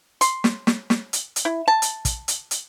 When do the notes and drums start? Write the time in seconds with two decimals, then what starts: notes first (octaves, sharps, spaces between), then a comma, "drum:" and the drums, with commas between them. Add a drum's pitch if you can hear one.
0.21 C6, drum: hi-hat
0.44 drum: snare
0.67 drum: snare
0.90 drum: snare
1.13 drum: hi-hat
1.36 drum: hi-hat
1.45 E4
1.68 A5
1.82 drum: hi-hat
2.05 drum: kick, hi-hat
2.28 drum: hi-hat
2.51 drum: hi-hat